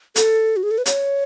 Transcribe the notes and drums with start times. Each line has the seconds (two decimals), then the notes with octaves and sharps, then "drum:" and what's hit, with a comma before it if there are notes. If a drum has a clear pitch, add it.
0.16 A4, drum: hi-hat
0.57 F#4
0.63 G#4
0.71 A4
0.78 B4
0.86 C#5, drum: hi-hat